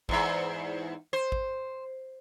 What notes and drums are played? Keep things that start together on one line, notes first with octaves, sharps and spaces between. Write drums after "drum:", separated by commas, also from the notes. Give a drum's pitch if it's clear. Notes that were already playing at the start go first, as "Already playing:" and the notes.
E2 G#2 E5, drum: kick G#1
C5
drum: kick G#1